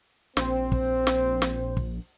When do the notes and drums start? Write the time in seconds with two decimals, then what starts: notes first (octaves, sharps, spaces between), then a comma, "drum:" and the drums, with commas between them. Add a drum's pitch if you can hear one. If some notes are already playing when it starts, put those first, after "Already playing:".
0.37 A#1 C4 C5, drum: snare
0.72 drum: kick
1.07 drum: snare
1.42 drum: snare
1.77 drum: kick